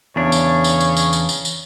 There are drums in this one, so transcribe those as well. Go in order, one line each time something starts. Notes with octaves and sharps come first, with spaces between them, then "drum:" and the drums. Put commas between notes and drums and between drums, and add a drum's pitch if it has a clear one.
E2 C#3 D4 C#5
drum: tambourine
drum: tambourine
drum: tambourine
drum: tambourine
drum: tambourine
drum: tambourine
drum: tambourine